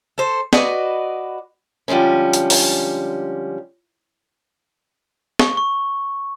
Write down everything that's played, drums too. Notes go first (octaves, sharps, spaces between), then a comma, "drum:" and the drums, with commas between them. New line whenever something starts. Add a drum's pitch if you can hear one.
A4 C5
F#4 B4 D5 D#5, drum: snare
D3 F3 G3 G#3 C#4
drum: hi-hat
drum: open hi-hat
C#6, drum: snare
C#6